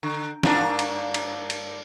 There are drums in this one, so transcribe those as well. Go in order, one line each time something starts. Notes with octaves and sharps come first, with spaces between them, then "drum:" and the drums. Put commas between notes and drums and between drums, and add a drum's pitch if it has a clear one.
D3
G2 A#3 D4, drum: snare
drum: cymbal
drum: cymbal
drum: cymbal